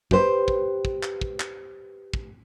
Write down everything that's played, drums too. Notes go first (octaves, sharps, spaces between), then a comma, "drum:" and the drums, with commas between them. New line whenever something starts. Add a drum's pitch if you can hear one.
G4 B4 C5, drum: kick
drum: kick
drum: kick
drum: clap
drum: kick
drum: clap
drum: kick